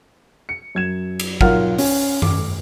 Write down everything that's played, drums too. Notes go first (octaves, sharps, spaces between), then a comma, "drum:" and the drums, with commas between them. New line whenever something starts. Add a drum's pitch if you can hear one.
C#7
F#2 G#6 E7
drum: cymbal
B1 F4 A#4 F5 F#5 F6, drum: kick
C#4, drum: open hi-hat
D6, drum: tom F#2